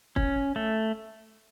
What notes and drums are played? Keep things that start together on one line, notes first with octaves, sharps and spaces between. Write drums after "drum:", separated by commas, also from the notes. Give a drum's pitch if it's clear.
C#4, drum: kick
A3